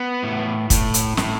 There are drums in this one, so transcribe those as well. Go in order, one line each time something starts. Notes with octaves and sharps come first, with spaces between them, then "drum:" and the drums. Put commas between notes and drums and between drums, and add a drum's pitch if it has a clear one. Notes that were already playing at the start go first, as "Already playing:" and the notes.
Already playing: B3
A2
A2, drum: kick, hi-hat
drum: hi-hat
A2, drum: snare